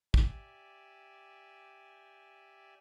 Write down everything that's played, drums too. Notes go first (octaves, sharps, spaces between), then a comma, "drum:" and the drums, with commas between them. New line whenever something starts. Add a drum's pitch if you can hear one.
G4 D5 E5 G#5, drum: kick